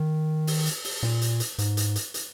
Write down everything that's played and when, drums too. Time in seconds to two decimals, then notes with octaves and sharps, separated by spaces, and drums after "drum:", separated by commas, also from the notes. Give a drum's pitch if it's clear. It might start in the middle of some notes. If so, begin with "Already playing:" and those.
Already playing: D#3
0.47 drum: open hi-hat
0.66 drum: hi-hat
0.84 drum: open hi-hat
1.03 A#2, drum: snare
1.21 drum: hi-hat
1.40 drum: hi-hat
1.58 G#2, drum: hi-hat
1.77 drum: hi-hat
1.96 drum: hi-hat
2.14 drum: hi-hat